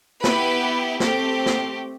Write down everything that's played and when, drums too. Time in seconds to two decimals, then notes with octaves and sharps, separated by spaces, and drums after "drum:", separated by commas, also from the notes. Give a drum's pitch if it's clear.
0.24 B3 E4 G4 B4, drum: snare
1.00 A3 C4 G4, drum: snare
1.46 drum: snare